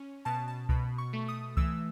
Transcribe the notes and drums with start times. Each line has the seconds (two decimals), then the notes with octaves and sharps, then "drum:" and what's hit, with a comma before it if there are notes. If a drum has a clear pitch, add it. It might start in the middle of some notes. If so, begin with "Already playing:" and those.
Already playing: C#4
0.25 B2 A5
0.48 A5
0.69 B2 B5, drum: kick C2
0.98 C#6
1.13 A3
1.28 D#6
1.57 E3 E6, drum: kick C2